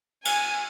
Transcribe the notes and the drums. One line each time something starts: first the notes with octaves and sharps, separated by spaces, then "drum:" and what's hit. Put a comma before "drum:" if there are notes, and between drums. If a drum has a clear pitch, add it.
G#5, drum: cymbal